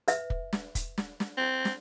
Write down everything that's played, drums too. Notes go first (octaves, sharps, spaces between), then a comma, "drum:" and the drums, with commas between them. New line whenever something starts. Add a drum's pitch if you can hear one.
B4 E5, drum: hi-hat
drum: kick
drum: snare
drum: kick, hi-hat
drum: snare
drum: snare
C4
drum: snare